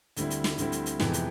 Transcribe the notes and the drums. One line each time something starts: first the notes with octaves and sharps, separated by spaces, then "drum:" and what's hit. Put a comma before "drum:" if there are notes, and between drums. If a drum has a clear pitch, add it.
D2 D3 G3 C4 E4, drum: hi-hat
drum: hi-hat
drum: snare
D2 D3 G3 C4 E4, drum: hi-hat
drum: hi-hat
drum: hi-hat
F2 C3 E3 G#3 B3, drum: snare
drum: hi-hat